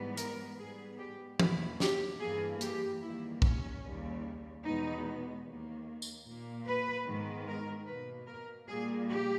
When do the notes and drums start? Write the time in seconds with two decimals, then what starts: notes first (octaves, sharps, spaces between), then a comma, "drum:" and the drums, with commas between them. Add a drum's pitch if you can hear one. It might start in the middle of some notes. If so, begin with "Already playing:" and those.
Already playing: G#2 E3 G3 B3
0.17 A#4, drum: hi-hat
0.58 G#2 G3 B3 G#4
0.99 G4
1.40 E2 B2 A#3 E4, drum: tom E3
1.80 G4, drum: snare
2.20 G2 E3 A#3 G#4
2.61 G4, drum: hi-hat
3.01 E2 D#3 G3 A#3 E4
3.42 C#4, drum: kick
3.83 D#2 C#3 G3
4.63 E2 B2 G#3 B3 D#4
5.44 D#2 D#3 A#3
6.02 drum: tambourine
6.25 A#2 A#3
6.66 B4
7.06 G#2 D#3 G#3 B3
7.47 A#4
7.87 B2 A#3 B4
8.27 A#4
8.68 A#2 G3 A#3 G#4
9.09 G4